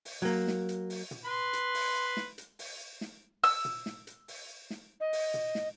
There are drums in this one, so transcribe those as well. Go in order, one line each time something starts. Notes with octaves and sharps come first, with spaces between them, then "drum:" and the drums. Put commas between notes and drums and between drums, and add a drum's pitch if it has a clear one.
drum: open hi-hat
F#3 A#3
drum: snare
drum: hi-hat
drum: open hi-hat
drum: tom
B4 C6
drum: hi-hat
drum: open hi-hat
drum: snare
drum: hi-hat
drum: open hi-hat
drum: snare
E6, drum: open hi-hat
drum: tom
drum: snare
drum: hi-hat
drum: open hi-hat
drum: snare
D#5
drum: open hi-hat
drum: tom
drum: snare